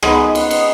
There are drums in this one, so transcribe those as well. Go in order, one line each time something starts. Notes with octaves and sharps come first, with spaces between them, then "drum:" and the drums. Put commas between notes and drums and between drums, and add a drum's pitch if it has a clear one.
G#3 B3 D#4 G#4, drum: rim click
B4
D#5
F#5, drum: cymbal
drum: cymbal